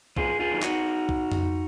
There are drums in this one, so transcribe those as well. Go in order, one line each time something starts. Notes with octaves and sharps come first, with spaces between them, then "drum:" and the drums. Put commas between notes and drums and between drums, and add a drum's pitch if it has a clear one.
F2 F4 G#4, drum: kick
F4 G#4
D#3 F#3
D#4 F#4, drum: clap
drum: kick
drum: tom F2